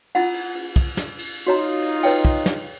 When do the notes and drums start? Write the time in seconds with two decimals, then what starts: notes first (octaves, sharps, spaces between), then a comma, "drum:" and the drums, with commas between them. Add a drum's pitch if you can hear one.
0.15 E4 F4 F#5, drum: cymbal
0.34 drum: cymbal
0.55 drum: cymbal
0.76 drum: kick, cymbal
0.97 drum: snare
1.18 drum: cymbal
1.47 D#4 F4 F#4 C#5 A#5
1.82 drum: cymbal
2.03 B4 C#5 G5, drum: cymbal
2.25 drum: kick
2.46 drum: snare